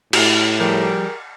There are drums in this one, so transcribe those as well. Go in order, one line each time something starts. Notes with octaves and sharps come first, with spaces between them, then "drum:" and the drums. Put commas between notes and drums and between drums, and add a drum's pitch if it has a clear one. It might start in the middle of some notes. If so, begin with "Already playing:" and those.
A2 E4 F#4 G4, drum: cymbal
F3 G3 G4 G#4 A#4